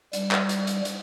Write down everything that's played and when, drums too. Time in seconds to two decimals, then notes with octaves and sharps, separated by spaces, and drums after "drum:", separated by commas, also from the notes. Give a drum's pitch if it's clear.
0.13 G3, drum: hi-hat
0.31 drum: clap
0.49 drum: hi-hat
0.67 drum: hi-hat
0.85 drum: hi-hat